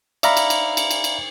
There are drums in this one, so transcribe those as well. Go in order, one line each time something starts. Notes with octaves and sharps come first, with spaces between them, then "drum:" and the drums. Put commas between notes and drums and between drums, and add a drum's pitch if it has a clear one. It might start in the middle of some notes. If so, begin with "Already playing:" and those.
D5 E5 F5 A#5 B5, drum: cymbal
drum: cymbal
drum: cymbal
drum: cymbal
drum: cymbal
drum: cymbal